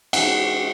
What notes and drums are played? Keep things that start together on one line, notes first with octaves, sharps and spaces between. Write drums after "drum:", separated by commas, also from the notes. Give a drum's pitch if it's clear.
E3 G#3 D#4 F#4 F#5, drum: cymbal